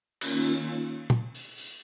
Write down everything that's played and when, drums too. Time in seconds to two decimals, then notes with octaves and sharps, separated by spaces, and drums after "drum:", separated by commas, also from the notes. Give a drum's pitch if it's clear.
0.21 D#3 A#3 C#4 F4, drum: cymbal
1.10 drum: tom
1.35 drum: open hi-hat
1.58 drum: open hi-hat